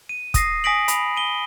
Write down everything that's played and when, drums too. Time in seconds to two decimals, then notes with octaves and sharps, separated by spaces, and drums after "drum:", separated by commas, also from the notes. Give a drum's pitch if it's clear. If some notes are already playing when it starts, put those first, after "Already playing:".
0.09 D#7
0.34 D#6 A#6 C7, drum: kick, hi-hat
0.64 G#5 D#6 A#6 B6 D7 F#7
0.88 B5, drum: hi-hat
1.17 D#7 G7